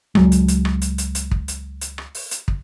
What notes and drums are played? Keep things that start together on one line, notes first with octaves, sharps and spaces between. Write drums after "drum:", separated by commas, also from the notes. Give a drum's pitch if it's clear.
C#2 F#3 G#3, drum: rim click
drum: hi-hat
drum: hi-hat
drum: rim click
drum: hi-hat
drum: hi-hat
drum: hi-hat
drum: kick
drum: hi-hat
drum: hi-hat
drum: rim click
drum: open hi-hat
drum: hi-hat
drum: kick